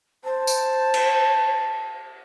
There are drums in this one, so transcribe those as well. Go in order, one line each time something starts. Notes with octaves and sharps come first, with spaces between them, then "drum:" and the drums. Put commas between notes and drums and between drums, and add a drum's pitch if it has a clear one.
C5 A5
drum: tambourine
drum: cymbal